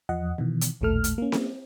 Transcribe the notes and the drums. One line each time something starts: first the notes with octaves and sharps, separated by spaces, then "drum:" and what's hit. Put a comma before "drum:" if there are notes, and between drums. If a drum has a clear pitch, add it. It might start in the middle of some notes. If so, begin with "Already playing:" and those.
E2 F3 D#5 F#5
B2 D#3 E3
drum: hi-hat
A1 D#2 A#2 A3 A4 F6
drum: hi-hat
A#3 C#4
drum: snare C4